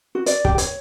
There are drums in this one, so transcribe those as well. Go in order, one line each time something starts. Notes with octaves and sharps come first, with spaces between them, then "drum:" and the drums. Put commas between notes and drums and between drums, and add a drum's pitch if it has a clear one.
F#4
D5, drum: hi-hat
G4, drum: kick
C#5, drum: hi-hat